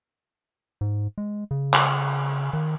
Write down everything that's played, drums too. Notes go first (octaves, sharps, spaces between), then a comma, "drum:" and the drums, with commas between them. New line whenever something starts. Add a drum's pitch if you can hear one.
G#2
G#3
C#3
drum: clap
D#3